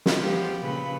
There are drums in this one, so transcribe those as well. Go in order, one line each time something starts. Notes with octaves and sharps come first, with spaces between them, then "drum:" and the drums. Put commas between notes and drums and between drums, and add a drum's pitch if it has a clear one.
drum: snare
F3 B3 G4
A#2 C#3 B4